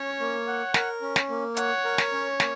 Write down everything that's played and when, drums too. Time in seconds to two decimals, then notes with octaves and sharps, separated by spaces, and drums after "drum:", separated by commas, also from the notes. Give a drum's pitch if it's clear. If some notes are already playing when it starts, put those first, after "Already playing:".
Already playing: C#4 C#5
0.20 A#3
0.47 F#5
0.74 A#4, drum: snare
1.02 C#4
1.16 drum: snare
1.29 A#3
1.57 C#5 F#5, drum: hi-hat
1.85 A#4
1.98 drum: snare
2.12 C#4
2.40 A#3, drum: snare